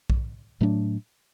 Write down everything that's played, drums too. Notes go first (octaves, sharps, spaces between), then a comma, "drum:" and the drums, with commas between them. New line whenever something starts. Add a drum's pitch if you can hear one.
drum: kick
A2 F#3 A3 D4